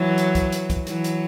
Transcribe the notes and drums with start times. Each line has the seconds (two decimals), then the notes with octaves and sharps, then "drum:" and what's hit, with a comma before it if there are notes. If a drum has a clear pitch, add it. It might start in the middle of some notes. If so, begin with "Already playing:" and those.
Already playing: E3 F#3
0.18 drum: hi-hat
0.35 drum: kick, hi-hat
0.52 drum: hi-hat
0.70 drum: kick, hi-hat
0.87 E3 F#3, drum: hi-hat
1.04 drum: hi-hat